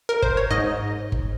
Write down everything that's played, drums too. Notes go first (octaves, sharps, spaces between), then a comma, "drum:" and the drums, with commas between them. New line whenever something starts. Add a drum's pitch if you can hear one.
A#4
C5, drum: kick G1
C#5
G#2 D#5
drum: kick G1